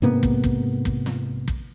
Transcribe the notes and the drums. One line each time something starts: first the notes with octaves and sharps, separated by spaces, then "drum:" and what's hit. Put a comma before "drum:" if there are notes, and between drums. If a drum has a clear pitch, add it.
G#2 C3 A#3 B3
drum: kick
drum: kick
drum: kick
drum: snare
drum: kick